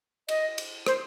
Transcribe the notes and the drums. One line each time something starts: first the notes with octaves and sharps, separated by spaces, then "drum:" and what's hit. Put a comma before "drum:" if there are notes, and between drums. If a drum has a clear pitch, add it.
D#5, drum: cymbal
drum: cymbal
C5, drum: rim click